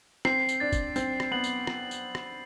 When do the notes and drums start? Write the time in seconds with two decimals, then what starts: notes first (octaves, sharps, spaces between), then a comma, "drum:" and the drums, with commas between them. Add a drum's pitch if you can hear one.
0.25 C4 C7, drum: rim click
0.49 drum: tambourine
0.60 D4 A6
0.72 drum: kick, tambourine
0.96 C4 A6, drum: tambourine
1.20 drum: rim click
1.31 B3 F#7
1.44 drum: tambourine
1.67 drum: rim click
1.91 drum: tambourine
2.15 drum: rim click